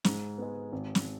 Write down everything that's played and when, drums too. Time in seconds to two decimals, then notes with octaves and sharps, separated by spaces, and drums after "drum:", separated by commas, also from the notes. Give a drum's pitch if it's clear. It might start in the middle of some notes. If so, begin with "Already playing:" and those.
0.04 G#2, drum: snare
0.38 G#3 B3
0.72 G#1
0.95 drum: snare